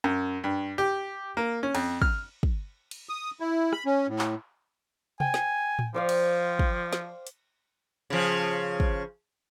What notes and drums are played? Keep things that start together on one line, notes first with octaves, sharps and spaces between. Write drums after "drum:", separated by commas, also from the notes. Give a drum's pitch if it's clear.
F#2
G2
G4
A#3
C#4
F2, drum: cymbal
F6, drum: kick
drum: kick
drum: cymbal
D#6
E4
B5, drum: rim click
C#4
A2
drum: clap
G5 G#5, drum: tom C3
drum: snare
drum: tom A2
F3 C5 D5 F5
drum: cymbal
drum: kick
drum: snare
drum: hi-hat
C#3 F3
drum: kick